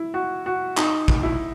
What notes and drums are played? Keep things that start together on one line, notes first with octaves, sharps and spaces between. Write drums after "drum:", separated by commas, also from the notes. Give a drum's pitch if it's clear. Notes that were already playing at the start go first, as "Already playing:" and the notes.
Already playing: E4
F#4
F#4
D#4, drum: clap
drum: kick
E4